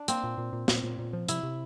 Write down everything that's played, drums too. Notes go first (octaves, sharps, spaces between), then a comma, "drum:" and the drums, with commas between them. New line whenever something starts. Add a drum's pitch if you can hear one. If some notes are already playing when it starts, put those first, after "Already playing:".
Already playing: D4
A#3 C4, drum: hi-hat
A#2
A#2
A#2
A#2, drum: snare
A#2
A#2
F3
C3 E4, drum: hi-hat
C3